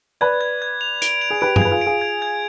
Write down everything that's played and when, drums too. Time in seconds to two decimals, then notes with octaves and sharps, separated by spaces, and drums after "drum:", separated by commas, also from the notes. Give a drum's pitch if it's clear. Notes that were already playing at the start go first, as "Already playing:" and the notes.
0.21 B4 D5 G#6
0.41 G#6
0.62 G#6
0.81 F7
1.02 D7, drum: hi-hat
1.22 F7
1.30 G#4
1.41 G4 B4 D7
1.56 F4 G#4, drum: tom G2
1.62 B4 G#6
1.71 F4 G#4
1.81 F4 G#4 D7
2.01 G#6
2.22 G#6